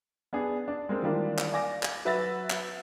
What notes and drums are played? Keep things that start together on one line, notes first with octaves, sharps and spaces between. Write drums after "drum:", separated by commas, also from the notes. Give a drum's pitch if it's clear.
B3 D4 G#4
D4
G#3 A#3 C4
D#3 E3 G3 A#3 D4 F4
drum: clap
D5 F5 G#5 D6 A#6
drum: clap
F#3 B4 E5 F#5 A6 A#6
drum: clap